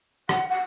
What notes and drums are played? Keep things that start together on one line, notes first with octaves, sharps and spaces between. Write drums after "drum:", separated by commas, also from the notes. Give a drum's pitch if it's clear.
F#5, drum: rim click
F#5